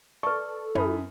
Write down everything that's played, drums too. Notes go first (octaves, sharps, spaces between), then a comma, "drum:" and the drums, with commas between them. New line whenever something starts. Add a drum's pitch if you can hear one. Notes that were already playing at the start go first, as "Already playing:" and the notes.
A4 B4 D5 C#6
F#2 E4 B5 D#6, drum: tom